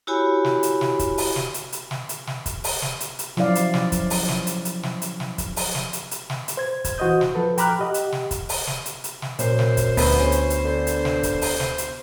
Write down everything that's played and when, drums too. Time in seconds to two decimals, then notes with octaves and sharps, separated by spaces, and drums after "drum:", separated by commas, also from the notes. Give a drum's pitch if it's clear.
0.07 E4 F#4 G4 C#5 G#5 B5
0.45 drum: snare
0.63 drum: hi-hat
0.81 drum: snare
0.99 drum: kick, hi-hat
1.18 drum: open hi-hat
1.36 drum: snare
1.54 drum: hi-hat
1.72 drum: hi-hat
1.91 drum: snare
2.09 drum: hi-hat
2.27 drum: snare
2.46 drum: kick, hi-hat
2.64 drum: open hi-hat
2.82 drum: snare
3.00 drum: hi-hat
3.19 drum: hi-hat
3.37 F3 F#3 C#4 E4 D5 F5, drum: snare
3.55 drum: hi-hat
3.74 drum: snare
3.92 drum: kick, hi-hat
4.10 drum: open hi-hat
4.28 drum: snare
4.47 drum: hi-hat
4.65 drum: hi-hat
4.83 drum: snare
5.02 drum: hi-hat
5.20 drum: snare
5.38 drum: kick, hi-hat
5.56 drum: open hi-hat
5.75 drum: snare
5.93 drum: hi-hat
6.11 drum: hi-hat
6.30 drum: snare
6.48 drum: hi-hat
6.57 C5 G#6
6.84 drum: kick, hi-hat
6.98 E3 F#4 C5 D#5 D#6 G6
7.21 drum: snare
7.34 F3 A4 B4
7.58 G5 A#5 B5 D6 F6 F#6, drum: hi-hat
7.79 G4 D#5 F#5
7.94 drum: hi-hat
8.12 drum: snare
8.31 drum: kick, hi-hat
8.49 drum: open hi-hat
8.67 drum: snare
8.86 drum: hi-hat
9.04 drum: hi-hat
9.22 drum: snare
9.39 F#2 A#2 C5, drum: hi-hat
9.59 drum: snare
9.77 drum: kick, hi-hat
9.97 D2 B3, drum: open hi-hat
10.19 C#4
10.32 drum: hi-hat
10.50 drum: hi-hat
10.65 D3
10.87 drum: hi-hat
11.05 drum: snare
11.23 drum: kick, hi-hat
11.42 drum: open hi-hat
11.60 drum: snare
11.78 drum: hi-hat